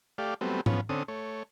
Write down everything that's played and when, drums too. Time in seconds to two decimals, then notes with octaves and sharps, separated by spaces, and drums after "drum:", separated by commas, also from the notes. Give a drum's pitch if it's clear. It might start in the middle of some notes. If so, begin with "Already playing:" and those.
0.18 A3 G4 D5 F5
0.41 F#3 G3 A3 B3 C4
0.66 F3 B3 C#4, drum: tom G#2
0.89 D3 C4 C#4 A4 D#6
1.08 A3 C#5